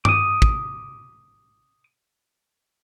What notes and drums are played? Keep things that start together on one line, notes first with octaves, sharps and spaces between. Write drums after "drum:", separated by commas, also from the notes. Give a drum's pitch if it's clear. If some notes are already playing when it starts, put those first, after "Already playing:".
D6 D#6, drum: tom G2
drum: kick